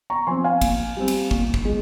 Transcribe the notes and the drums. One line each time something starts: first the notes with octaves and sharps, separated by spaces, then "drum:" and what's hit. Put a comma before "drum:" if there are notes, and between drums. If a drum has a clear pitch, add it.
A#5 C#6
F3 C4 G#5 C6
F5 G#5
A#2, drum: kick, cymbal
G3 C4
drum: cymbal
A#2, drum: kick
drum: kick
G#3